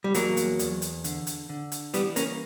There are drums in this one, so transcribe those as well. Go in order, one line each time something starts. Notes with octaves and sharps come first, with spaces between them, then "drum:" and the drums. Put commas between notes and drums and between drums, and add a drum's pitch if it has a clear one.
G3
E2 F#3 A#3, drum: hi-hat
drum: hi-hat
E2, drum: hi-hat
drum: hi-hat
D3, drum: hi-hat
drum: hi-hat
D3
drum: hi-hat
E3 G3 B3, drum: hi-hat
A#3 C#4, drum: hi-hat